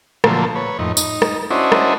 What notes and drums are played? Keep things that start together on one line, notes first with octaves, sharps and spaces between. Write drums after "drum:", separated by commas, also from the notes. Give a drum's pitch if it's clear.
A#2 D3 F3 F#3 A3 A#3, drum: rim click
B4 C#5
F2 A2 D#4
D#4, drum: tambourine
drum: rim click
C#4 D4 E4 F#4 C5 D#5
drum: rim click